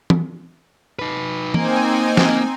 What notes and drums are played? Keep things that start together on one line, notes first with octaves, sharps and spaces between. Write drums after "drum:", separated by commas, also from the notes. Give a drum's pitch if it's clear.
drum: tom
D#4 B4
A#3 C4 D#4 G#5, drum: tom E3
drum: snare